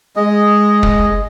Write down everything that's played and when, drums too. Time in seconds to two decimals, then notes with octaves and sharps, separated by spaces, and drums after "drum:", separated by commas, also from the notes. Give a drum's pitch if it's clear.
0.16 G#3 D#5
0.83 drum: kick